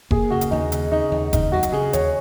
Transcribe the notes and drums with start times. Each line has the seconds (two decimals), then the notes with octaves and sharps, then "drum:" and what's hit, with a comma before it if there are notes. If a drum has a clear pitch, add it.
0.11 A#3 G#4, drum: kick F1
0.30 C#3 F#4
0.41 drum: hi-hat
0.51 D#2 D#4
0.72 C#3, drum: hi-hat
0.92 C#3 D#4
1.11 D#2 D#4
1.33 C#3 D#4, drum: kick F1, hi-hat
1.52 F#3 F#4
1.63 drum: hi-hat
1.72 C#3 G#4
1.93 D#2 C#5, drum: hi-hat